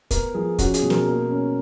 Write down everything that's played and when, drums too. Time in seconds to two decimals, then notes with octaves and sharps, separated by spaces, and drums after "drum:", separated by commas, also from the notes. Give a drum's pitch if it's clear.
0.11 B3 A#4, drum: kick, hi-hat
0.34 F3 G#4
0.58 C#4 F#4, drum: kick, hi-hat
0.74 G#4, drum: hi-hat
0.82 B2
0.90 A#4, drum: snare
1.06 A#3
1.30 C#4